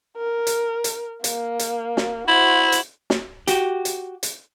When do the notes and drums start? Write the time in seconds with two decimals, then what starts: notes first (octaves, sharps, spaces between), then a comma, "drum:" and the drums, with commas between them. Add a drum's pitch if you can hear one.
0.17 A#4
0.47 drum: hi-hat
0.84 drum: hi-hat
1.24 A#3, drum: hi-hat
1.59 drum: hi-hat
1.97 drum: snare
2.28 E4 F#4 C5
2.72 drum: hi-hat
3.10 drum: snare
3.47 F#4 G4, drum: hi-hat
3.85 drum: hi-hat
4.23 drum: hi-hat